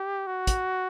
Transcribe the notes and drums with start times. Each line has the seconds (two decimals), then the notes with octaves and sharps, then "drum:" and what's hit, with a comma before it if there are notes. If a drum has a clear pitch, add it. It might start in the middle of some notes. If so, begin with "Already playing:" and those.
Already playing: G4
0.27 F#4
0.47 drum: kick, hi-hat